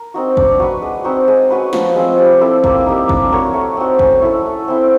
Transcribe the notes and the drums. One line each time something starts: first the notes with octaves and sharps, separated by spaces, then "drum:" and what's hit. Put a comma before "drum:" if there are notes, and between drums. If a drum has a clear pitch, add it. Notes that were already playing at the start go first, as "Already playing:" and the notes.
Already playing: A#4
C4 D#4 F#4
D4, drum: kick
F#4 B4
G#3
C4 D#4 F#4
G#3
C#4 F#4 B4
F3, drum: snare
G#3 C4 F4
G3
C4 E4 A4
A#3, drum: kick
D#4 G4 A#4
D4, drum: kick
F#4 A#4 C#5
A3
C4 D#4 F#4
C#4, drum: kick
E4 A4
A3
C4 E4